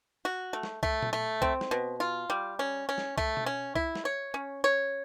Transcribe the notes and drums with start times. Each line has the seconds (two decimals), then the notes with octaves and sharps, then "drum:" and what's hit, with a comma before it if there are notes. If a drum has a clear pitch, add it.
0.25 F#4
0.53 A3
0.63 drum: snare
0.83 A3, drum: kick C2
1.02 drum: tom A#2
1.13 A3
1.42 C4, drum: kick C2
1.61 drum: snare
1.71 B2
2.00 F4
2.30 G3
2.59 C#4
2.89 C#4
2.98 drum: snare
3.18 A3, drum: kick C2
3.37 drum: tom B2
3.46 C#4
3.75 E4, drum: kick C2
3.95 drum: snare
4.05 C#5
4.34 C#4
4.64 C#5